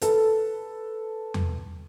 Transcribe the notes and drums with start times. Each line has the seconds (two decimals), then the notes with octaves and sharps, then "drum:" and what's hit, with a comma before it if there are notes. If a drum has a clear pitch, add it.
0.01 A4 B4, drum: hi-hat
1.34 drum: tom E2